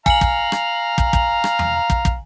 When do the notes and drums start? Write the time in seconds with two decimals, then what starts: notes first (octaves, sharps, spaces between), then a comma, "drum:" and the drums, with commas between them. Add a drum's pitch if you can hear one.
0.06 F5 G#5 A#5 F#7, drum: kick
0.21 drum: kick
0.52 drum: rim click
0.98 drum: kick
1.13 drum: kick
1.44 drum: rim click
1.59 drum: tom E2
1.90 drum: kick
2.05 drum: kick